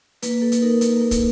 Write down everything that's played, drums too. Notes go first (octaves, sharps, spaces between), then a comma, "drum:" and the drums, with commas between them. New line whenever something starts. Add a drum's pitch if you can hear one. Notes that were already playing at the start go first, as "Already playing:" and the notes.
A#3 B4, drum: hi-hat
A#3 A4
drum: hi-hat
D#4 A#4
A#3, drum: hi-hat
A#3
drum: kick, hi-hat